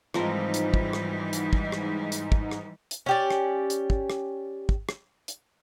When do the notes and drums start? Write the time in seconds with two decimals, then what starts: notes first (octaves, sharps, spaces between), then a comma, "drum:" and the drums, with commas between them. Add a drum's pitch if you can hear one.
0.14 G#2 E3 F3 G3 C4 D#4 A#4, drum: rim click
0.54 drum: hi-hat
0.74 drum: kick
0.93 drum: rim click
1.33 drum: hi-hat
1.53 drum: kick
1.72 drum: rim click
2.12 drum: hi-hat
2.32 drum: kick
2.51 drum: rim click
2.91 drum: hi-hat
3.06 C#4 G4 D5
3.31 drum: rim click
3.70 drum: hi-hat
3.90 drum: kick
4.10 drum: rim click
4.69 drum: kick
4.89 drum: rim click
5.28 drum: hi-hat